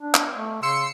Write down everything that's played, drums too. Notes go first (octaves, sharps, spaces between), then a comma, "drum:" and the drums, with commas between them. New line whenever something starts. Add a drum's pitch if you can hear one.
D4
drum: clap
A3
C#3 C6 E6 C7 C#7